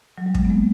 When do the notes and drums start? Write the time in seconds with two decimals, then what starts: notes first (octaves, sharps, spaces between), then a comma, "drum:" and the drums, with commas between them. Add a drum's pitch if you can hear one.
0.18 F#3
0.26 G3
0.34 F#3 G#3, drum: kick
0.45 B3
0.50 G#3 A#3